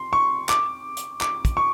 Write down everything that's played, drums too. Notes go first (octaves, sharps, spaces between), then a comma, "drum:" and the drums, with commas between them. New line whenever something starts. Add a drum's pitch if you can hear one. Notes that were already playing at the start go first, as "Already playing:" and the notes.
Already playing: C6
C#6
D6, drum: clap
drum: hi-hat
D6, drum: clap
drum: kick, hi-hat
C#6